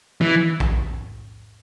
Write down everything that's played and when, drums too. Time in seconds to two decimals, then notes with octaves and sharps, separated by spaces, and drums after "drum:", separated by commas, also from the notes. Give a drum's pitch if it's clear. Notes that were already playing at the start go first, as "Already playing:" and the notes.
0.21 E3
0.60 drum: kick A#1